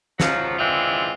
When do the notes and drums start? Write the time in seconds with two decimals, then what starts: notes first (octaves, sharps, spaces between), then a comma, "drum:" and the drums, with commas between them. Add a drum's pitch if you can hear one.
0.20 G#2 F3 F#3, drum: snare
0.59 E3 G#3 C4 D4 E4 F4